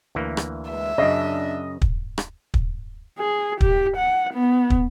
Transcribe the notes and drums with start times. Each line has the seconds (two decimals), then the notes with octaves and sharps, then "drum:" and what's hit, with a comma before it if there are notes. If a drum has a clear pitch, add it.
0.15 D2 E3 A#3
0.37 drum: rim click
0.70 E2 G#3 E5
0.98 F#2 C#3 D4 D#5
1.82 drum: kick
2.18 drum: rim click
2.54 drum: kick
3.19 G#4
3.61 G4, drum: kick
3.97 F#5
4.34 B3
4.70 drum: kick